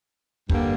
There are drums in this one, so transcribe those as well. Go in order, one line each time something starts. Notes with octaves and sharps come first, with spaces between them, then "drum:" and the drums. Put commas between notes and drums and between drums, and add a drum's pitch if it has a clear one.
G2 D3 G3 A#3, drum: kick